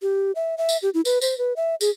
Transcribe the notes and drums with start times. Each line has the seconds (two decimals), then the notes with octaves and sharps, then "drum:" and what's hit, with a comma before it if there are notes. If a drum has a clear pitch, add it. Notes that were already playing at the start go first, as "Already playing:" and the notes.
0.02 G4
0.35 E5
0.58 E5
0.69 drum: tambourine
0.82 G4
0.94 E4
1.05 B4, drum: tambourine
1.21 C5, drum: tambourine
1.38 B4
1.56 E5
1.81 G#4, drum: tambourine